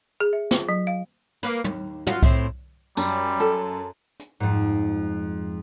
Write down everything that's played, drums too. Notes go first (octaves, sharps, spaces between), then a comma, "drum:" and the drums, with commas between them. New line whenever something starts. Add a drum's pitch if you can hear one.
G#4
E5
F4, drum: snare
F#3
F5
A#3 B4, drum: hi-hat
D#2, drum: tom
F4 F#4, drum: tom
A2 C4 E5, drum: kick C2
F#2 G3, drum: tambourine
A4
drum: hi-hat
F2 G#2